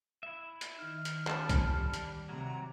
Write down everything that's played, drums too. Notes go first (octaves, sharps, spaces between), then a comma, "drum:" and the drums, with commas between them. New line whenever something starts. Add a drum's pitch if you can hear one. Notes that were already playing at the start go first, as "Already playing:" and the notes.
E4 E5
drum: hi-hat
D#3 D#4 F6
drum: hi-hat
C#4 A4 C5 A5 B5, drum: clap
drum: kick, hi-hat
G3 G4
drum: hi-hat
C3 F#3 A#5